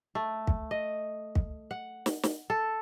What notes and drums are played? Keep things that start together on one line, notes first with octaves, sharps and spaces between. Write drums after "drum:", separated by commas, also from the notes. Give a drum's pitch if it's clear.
A3
drum: kick
D#5
drum: kick
F#5
drum: snare
drum: snare
A4